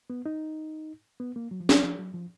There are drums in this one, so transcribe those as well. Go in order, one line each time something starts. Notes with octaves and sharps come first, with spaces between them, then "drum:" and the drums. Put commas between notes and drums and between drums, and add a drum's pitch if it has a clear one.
B3
D#4
B3
A#3
F#3
F3
F#3, drum: snare
F3
F#3
F3